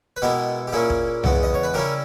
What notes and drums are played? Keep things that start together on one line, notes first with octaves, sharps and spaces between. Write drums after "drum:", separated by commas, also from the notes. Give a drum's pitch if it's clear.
B4
B2 G#3 B3 E4 G4 A#4
G4
A#2 A#3 C#4 E4 G#4
drum: kick
E2 C#3 G#3 B3, drum: tom C2
D#5
C#5
B4
C#3 G3 C#4 E4 G4 A#4